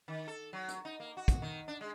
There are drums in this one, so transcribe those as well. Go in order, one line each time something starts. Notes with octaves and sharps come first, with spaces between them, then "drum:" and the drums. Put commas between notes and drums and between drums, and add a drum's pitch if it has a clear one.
D#3
A4
F#3
drum: hi-hat
D#4
A#3
F#4
drum: kick, hi-hat
D#3
D4
G#3